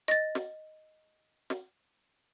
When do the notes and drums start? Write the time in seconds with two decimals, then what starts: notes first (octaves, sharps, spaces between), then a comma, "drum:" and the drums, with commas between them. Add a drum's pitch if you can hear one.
0.08 D#5 A6, drum: hi-hat
0.35 drum: snare
1.50 drum: snare